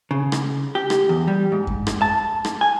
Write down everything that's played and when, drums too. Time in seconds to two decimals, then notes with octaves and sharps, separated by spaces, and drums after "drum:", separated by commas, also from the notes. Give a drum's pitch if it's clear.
0.11 C#3
0.32 drum: rim click
0.75 G4
0.90 drum: rim click
1.09 E2
1.27 G3
1.52 G#2
1.67 drum: kick F#2
1.87 drum: rim click
2.02 A5
2.45 drum: rim click
2.61 G#5